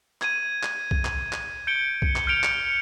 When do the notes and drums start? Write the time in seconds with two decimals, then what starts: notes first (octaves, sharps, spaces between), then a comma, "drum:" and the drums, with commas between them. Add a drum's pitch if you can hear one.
0.22 G#6 D#7, drum: clap
0.63 drum: clap
0.91 drum: kick
1.05 drum: clap
1.33 drum: clap
1.67 G6 C#7 D7 G7
2.02 drum: kick
2.16 drum: clap
2.27 F6 G6 C#7 D7 F7
2.44 drum: clap